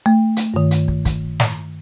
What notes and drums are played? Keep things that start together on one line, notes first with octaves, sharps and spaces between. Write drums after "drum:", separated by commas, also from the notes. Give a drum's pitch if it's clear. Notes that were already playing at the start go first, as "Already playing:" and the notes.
A3
drum: hi-hat
G2 D#3
drum: hi-hat
drum: kick
drum: kick, hi-hat
drum: snare